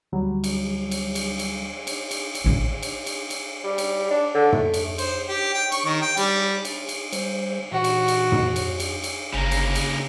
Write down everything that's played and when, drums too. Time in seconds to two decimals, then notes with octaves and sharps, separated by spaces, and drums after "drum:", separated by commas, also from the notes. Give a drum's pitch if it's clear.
0.12 D2 F#3 G3
0.44 drum: cymbal
0.91 drum: cymbal
1.15 drum: cymbal
1.39 drum: cymbal
1.87 drum: cymbal
2.11 drum: cymbal
2.35 drum: cymbal
2.44 A1 D3
2.83 drum: cymbal
3.06 drum: cymbal
3.30 drum: cymbal
3.64 G3
3.78 drum: cymbal
4.10 D4
4.34 D3
4.52 A3, drum: tom
4.74 drum: cymbal
4.98 C5, drum: cymbal
5.29 G4
5.54 G5
5.72 C#6, drum: cymbal
5.85 D#3
6.02 G5
6.17 G3, drum: cymbal
6.65 drum: cymbal
6.89 drum: cymbal
7.12 G3 C5, drum: cymbal
7.72 A#2 E3 F#4
7.84 drum: cymbal
8.08 drum: cymbal
8.32 drum: tom
8.56 drum: cymbal
8.80 drum: cymbal
9.04 drum: cymbal
9.34 G1 C#3 A#3
9.51 drum: cymbal
9.75 drum: cymbal